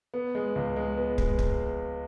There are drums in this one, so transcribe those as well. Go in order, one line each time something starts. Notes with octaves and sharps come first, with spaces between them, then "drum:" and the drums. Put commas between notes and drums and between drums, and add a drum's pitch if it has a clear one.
B3
G#3
C#2
G#3
B3
G#3, drum: kick
drum: kick